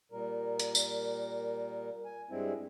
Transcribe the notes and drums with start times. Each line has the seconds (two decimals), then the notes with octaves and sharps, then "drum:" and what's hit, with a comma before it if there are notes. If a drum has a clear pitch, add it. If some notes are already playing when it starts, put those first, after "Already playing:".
0.12 A#2 G3 A#4
0.60 drum: hi-hat
0.75 drum: tambourine
2.05 G#5
2.30 G2 G3 G#3 C4 E4